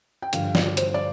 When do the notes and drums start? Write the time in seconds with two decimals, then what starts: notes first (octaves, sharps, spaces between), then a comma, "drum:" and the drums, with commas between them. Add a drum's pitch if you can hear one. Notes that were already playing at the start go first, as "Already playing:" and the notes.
0.22 G5
0.33 G2 D3 F3 F5, drum: hi-hat
0.55 D5, drum: snare
0.77 C5, drum: hi-hat
0.94 D5